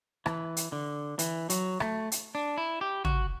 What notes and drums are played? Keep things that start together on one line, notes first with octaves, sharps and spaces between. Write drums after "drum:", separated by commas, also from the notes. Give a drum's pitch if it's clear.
E3, drum: rim click
drum: hi-hat
D3
E3, drum: hi-hat
F#3, drum: hi-hat
A3, drum: rim click
drum: hi-hat
D4
E4
G4
F#4, drum: tom